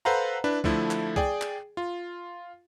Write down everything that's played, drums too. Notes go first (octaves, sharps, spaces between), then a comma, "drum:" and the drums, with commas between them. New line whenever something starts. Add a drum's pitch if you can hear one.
A4 B4 C5 F5 F#5 A#5
D4 E4 B4
D3 F3 A3 E4, drum: kick C2
drum: clap
G#4 D5 G5, drum: kick C2
drum: clap
F4